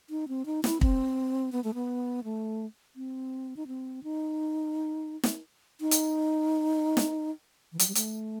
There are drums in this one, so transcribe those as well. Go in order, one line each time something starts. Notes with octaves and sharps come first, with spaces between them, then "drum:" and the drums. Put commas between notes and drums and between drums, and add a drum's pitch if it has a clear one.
D#4
C4
D#4
E4, drum: snare
C4, drum: kick
B3
A3
B3
A3
C4
D#4
C4
D#4
drum: snare
D#4
drum: hi-hat
drum: snare
E3
F#3, drum: hi-hat
G3
A3, drum: hi-hat